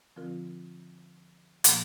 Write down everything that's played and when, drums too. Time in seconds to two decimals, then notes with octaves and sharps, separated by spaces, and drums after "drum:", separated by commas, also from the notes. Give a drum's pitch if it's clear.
0.16 D3 F3 C4 F4 A#4
1.64 A#2 F3 A#3, drum: hi-hat